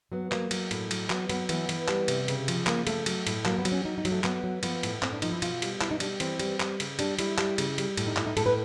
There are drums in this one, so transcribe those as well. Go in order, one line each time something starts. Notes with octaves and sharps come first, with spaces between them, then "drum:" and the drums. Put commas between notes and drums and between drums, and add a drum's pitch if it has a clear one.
F#3 B3
F#3 A#3, drum: clap
F#3, drum: cymbal
A2, drum: cymbal
F#3, drum: cymbal
F#3 B3, drum: clap
F#3 B3, drum: cymbal
E3 B3, drum: cymbal
E3, drum: cymbal
G3, drum: clap
C3, drum: cymbal
C#3, drum: cymbal
F3, drum: cymbal
C#3 A#3, drum: clap
F3 A3, drum: cymbal
F#3, drum: cymbal
A2, drum: cymbal
F#3 A#3, drum: clap
B3
F#3, drum: cymbal
C#4
F#3 D#4
D#4
F#3, drum: cymbal
A3
F#3 B3, drum: clap
F#3
F3 B3, drum: cymbal
A2, drum: cymbal
A2 C4, drum: clap
D4
F3 D#4, drum: cymbal
E4
B2 F4, drum: cymbal
G3, drum: cymbal
B2 E4, drum: clap
D#4
G3 D4, drum: cymbal
E3 C4, drum: cymbal
G3, drum: cymbal
G3, drum: clap
C#3, drum: cymbal
G3 D4, drum: cymbal
G3 E4, drum: cymbal
G3, drum: clap
C#3, drum: cymbal
G3, drum: cymbal
A2, drum: cymbal
D#4
A2 E4, drum: clap
D#4
A2 A4, drum: cymbal
B4